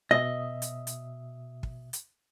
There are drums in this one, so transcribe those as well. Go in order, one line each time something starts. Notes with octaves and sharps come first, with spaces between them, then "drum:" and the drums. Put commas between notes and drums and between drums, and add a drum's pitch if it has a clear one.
B2 D#5 E5 D#6
drum: hi-hat
drum: hi-hat
drum: kick
drum: hi-hat